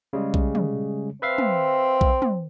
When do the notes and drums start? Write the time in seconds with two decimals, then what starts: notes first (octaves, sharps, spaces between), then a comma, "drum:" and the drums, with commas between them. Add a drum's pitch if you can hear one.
0.13 C#3 G3 G#3
0.34 drum: kick B1
0.55 drum: tom
1.22 C4 B4 E5 F5
1.38 drum: tom
2.01 drum: kick B1
2.22 drum: tom